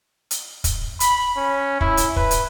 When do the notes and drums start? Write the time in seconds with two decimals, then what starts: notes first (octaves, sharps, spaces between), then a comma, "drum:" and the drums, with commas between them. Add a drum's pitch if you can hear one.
0.31 drum: hi-hat
0.64 drum: kick, hi-hat
1.00 B5, drum: hi-hat
1.37 C#4
1.81 E4, drum: kick
1.97 drum: hi-hat
2.16 B4, drum: kick
2.31 drum: hi-hat